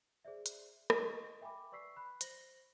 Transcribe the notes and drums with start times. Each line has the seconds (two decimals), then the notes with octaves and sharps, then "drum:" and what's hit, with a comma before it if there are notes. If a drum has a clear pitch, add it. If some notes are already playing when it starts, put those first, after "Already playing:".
0.25 G#4 C5 D5 E5
0.46 drum: hi-hat
0.90 D#5 C#6 D#6, drum: rim click
1.41 E5 G5 G#5 B5 D6
1.72 B4 D5 C#6 E6 B6 C7
1.96 B5 F#6
2.21 C5 A#6 F#7 G7, drum: hi-hat